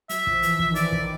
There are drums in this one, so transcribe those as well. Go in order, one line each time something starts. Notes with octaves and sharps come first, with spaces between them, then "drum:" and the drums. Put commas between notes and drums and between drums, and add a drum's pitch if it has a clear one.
F#3 E5, drum: hi-hat
F3, drum: kick
E3, drum: hi-hat
E3, drum: kick
D#3
E3 D5, drum: hi-hat
D#3, drum: kick